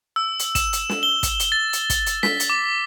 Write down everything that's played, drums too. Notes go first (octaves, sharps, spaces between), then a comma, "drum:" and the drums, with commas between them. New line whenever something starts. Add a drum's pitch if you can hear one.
E6
drum: hi-hat
E7, drum: kick, hi-hat
drum: hi-hat
drum: snare
G7
drum: kick, hi-hat
drum: hi-hat
A6
drum: hi-hat
drum: kick, hi-hat
drum: hi-hat
B6, drum: snare
drum: hi-hat
D6